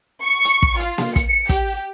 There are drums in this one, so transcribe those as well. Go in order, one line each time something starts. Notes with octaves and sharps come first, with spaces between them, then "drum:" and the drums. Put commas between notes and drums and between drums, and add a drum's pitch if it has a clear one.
C#6
drum: hi-hat
drum: kick
F4, drum: hi-hat
drum: snare A#3
C#7, drum: kick, hi-hat
G4, drum: kick, hi-hat